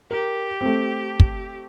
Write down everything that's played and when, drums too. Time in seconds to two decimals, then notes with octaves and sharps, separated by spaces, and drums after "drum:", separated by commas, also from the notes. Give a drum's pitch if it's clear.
0.11 G4 A#4
0.61 A3 C4
1.20 drum: kick